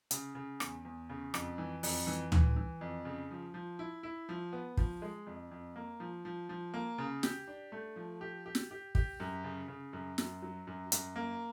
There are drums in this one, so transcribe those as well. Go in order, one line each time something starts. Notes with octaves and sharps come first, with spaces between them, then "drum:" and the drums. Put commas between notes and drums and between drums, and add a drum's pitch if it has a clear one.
C#3, drum: hi-hat
C#3
E2, drum: rim click
E2
C#3
F2, drum: rim click
E3
F2, drum: open hi-hat
E3
E3, drum: tom D2
E3
F2
C#3
F3
F3
E4
E4
F3
B3
F3, drum: kick
G#3
F2
F2
A#3
F3
F3
F3
A#3
C#3
G4, drum: snare
D4
A3
F3
G4
G4
drum: snare
G4
G4, drum: kick
F#2
C#3
C#3
F#2
F#2, drum: snare
F#3
F#2
F#2, drum: hi-hat
A#3